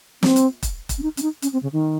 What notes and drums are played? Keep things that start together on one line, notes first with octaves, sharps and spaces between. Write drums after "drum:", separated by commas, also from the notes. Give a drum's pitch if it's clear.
C4, drum: snare
drum: hi-hat
drum: kick E1, hi-hat
drum: kick E1, hi-hat
C#4
D#4
C#4, drum: hi-hat
D#4
C#4, drum: hi-hat
C4
C#3
D#3